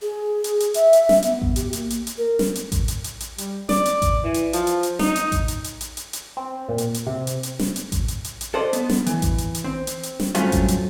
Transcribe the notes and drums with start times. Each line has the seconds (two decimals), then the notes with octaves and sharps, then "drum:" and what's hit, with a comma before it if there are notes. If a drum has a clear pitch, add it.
0.02 G#4
0.44 drum: hi-hat
0.60 drum: hi-hat
0.74 E5, drum: hi-hat
0.93 drum: hi-hat
1.09 drum: snare
1.22 B3, drum: hi-hat
1.42 drum: kick A1
1.56 G4, drum: hi-hat
1.73 A#3, drum: hi-hat
1.90 drum: hi-hat
2.07 drum: hi-hat
2.18 A#4
2.39 drum: snare
2.55 drum: hi-hat
2.72 drum: kick A1, hi-hat
2.88 drum: hi-hat
3.04 drum: hi-hat
3.20 drum: hi-hat
3.38 G3, drum: hi-hat
3.69 D5, drum: snare
3.86 drum: hi-hat
4.02 drum: kick A1, hi-hat
4.24 E3
4.34 drum: hi-hat
4.53 F3, drum: hi-hat
4.67 drum: hi-hat
4.83 drum: hi-hat
4.99 D#4, drum: snare
5.16 drum: hi-hat
5.32 drum: kick A1, hi-hat
5.48 drum: hi-hat
5.64 drum: hi-hat
5.81 drum: hi-hat
5.97 drum: hi-hat
6.13 drum: hi-hat
6.37 C4
6.69 A#2
6.78 drum: hi-hat
6.94 drum: hi-hat
7.07 C3
7.27 drum: hi-hat
7.43 drum: hi-hat
7.59 drum: snare
7.76 drum: hi-hat
7.92 drum: kick A1, hi-hat
8.08 drum: hi-hat
8.24 drum: hi-hat
8.41 drum: hi-hat
8.54 A4 C5 D5 D#5
8.73 B3, drum: hi-hat
8.90 drum: snare
9.06 E3, drum: hi-hat
9.22 drum: kick A1, hi-hat
9.38 drum: hi-hat
9.55 drum: hi-hat
9.64 C4
9.87 drum: hi-hat
10.03 drum: hi-hat
10.20 drum: snare
10.35 G2 F#3 A3 C4 C#4 F4, drum: hi-hat
10.52 drum: kick A1, hi-hat
10.68 drum: hi-hat